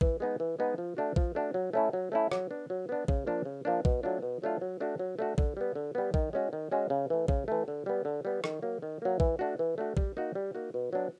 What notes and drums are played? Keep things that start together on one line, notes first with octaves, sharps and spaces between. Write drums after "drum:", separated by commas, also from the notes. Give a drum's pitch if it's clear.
E3, drum: kick A#1
G#3 B3 D#4
E3
G#3 B3 D#4
F3
A3 D4 F#4
F3, drum: kick A#1
A3 D4 F#4
F#3
A3 C#4 E4
F#3
A3 C#4 E4
F#3, drum: rim click
B3 D4
F#3
B3 D4
C#3, drum: kick A#1
F3 A#3 D4
C#3
F3 A#3 D4
B2, drum: kick A#1
F#3 A3 D4 F4
B2
F#3 A3 D4 F4
F#3
A3 D4 F#4
F#3
A3 D4 F#4
D3, drum: kick A#1
G3 B3
D3
G3 B3
D#3, drum: kick A#1
G#3 C#4 F#4
D#3
G#3 C#4 F#4
C#3
E3 A3
C#3, drum: kick A#1
E3 A3
D3
G3 B3
D3
G3 B3
D#3, drum: rim click
F#3 A#3
D#3
F#3 A#3
E3, drum: kick A#1
A3 D4 F#4
E3
A3 D4 F#4
G3, drum: kick A#1
A#3 D#4 F#4
G3
A#3 D#4 F#4
B2
F#3 B3 D4